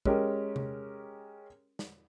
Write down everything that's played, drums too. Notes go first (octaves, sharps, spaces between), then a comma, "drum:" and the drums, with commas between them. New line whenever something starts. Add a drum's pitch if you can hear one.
G#3 C#4 G4 A#4, drum: kick
drum: tom C3
drum: snare